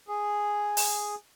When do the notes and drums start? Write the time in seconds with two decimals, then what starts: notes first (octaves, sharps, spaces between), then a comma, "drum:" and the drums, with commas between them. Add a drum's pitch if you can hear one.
0.08 G#4
0.77 drum: open hi-hat